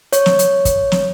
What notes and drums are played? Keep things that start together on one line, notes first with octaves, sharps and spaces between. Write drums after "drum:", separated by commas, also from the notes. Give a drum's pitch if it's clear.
C#5, drum: hi-hat
drum: snare
drum: hi-hat
drum: kick, hi-hat
drum: snare